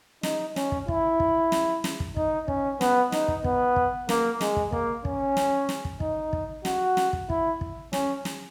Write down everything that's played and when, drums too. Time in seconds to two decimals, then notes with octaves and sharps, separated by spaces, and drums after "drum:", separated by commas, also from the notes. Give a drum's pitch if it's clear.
0.23 D#4, drum: snare
0.56 C#4, drum: snare
0.72 drum: kick
0.88 E4, drum: kick
1.20 drum: kick
1.52 drum: snare
1.84 drum: snare
2.00 drum: kick
2.17 D#4, drum: kick
2.48 C#4, drum: kick
2.81 B3, drum: snare
3.12 D#4, drum: snare
3.28 drum: kick
3.44 B3, drum: kick
3.76 drum: kick
4.09 A#3, drum: snare
4.41 G#3, drum: snare
4.56 drum: kick
4.72 A#3, drum: kick
5.05 C#4, drum: kick
5.37 drum: snare
5.69 drum: snare
5.85 drum: kick
6.00 D#4, drum: kick
6.33 drum: kick
6.65 F#4, drum: snare
6.97 drum: snare
7.13 drum: kick
7.30 E4, drum: kick
7.61 drum: kick
7.93 C#4, drum: snare
8.25 drum: snare